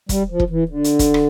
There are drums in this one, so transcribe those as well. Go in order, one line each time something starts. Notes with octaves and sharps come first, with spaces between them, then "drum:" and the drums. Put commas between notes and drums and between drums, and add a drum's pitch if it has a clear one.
G3, drum: kick E1, hi-hat
F3
drum: kick E1
E3
D3
drum: hi-hat
drum: kick E1, hi-hat
drum: rim click